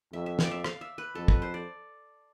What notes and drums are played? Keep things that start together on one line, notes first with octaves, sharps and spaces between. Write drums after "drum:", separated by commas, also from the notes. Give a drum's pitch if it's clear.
F2 E5
E5
F5, drum: snare
D5
E5
F5, drum: rim click
E5
B4
F2 A4
B4, drum: kick
C5
D5